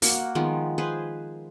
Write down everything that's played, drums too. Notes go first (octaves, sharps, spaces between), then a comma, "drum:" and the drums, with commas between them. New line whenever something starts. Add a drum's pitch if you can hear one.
A#3 F#4 D6, drum: open hi-hat
D#3 F3 G#3 B3
G#4 B4 C5